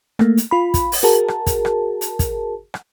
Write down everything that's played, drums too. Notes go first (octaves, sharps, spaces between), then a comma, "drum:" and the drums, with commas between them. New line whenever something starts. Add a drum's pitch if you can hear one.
A3 A#3, drum: rim click
drum: hi-hat
F4 B5
drum: kick, hi-hat
drum: open hi-hat
F#4 G#4 A#4 A5
drum: rim click
drum: kick, hi-hat
drum: rim click
drum: hi-hat
drum: kick, hi-hat
drum: rim click